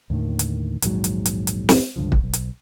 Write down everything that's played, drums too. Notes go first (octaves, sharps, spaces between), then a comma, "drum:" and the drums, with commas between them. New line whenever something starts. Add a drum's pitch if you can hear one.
D#2 A2 D3 D#3
drum: hi-hat
A#1 D#2 G#2 F#3, drum: hi-hat
drum: hi-hat
drum: hi-hat
drum: hi-hat
drum: snare
C#2 G2 D3 F3
drum: kick
B1
drum: hi-hat